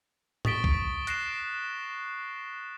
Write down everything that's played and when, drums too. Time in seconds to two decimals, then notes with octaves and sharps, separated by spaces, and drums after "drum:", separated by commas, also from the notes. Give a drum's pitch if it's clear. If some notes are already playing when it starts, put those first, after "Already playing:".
0.45 C#6 D#6 A6 B6 D7 G7, drum: tom A2
0.64 drum: kick
1.07 F#6 A#6 C7 D7 E7, drum: hi-hat